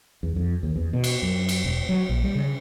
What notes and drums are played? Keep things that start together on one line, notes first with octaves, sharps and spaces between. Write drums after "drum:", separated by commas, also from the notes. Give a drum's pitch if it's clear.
E2
F2
D#2
E2
B2
drum: cymbal
F#2
drum: cymbal
E1
F#3
A#1
G3
C#3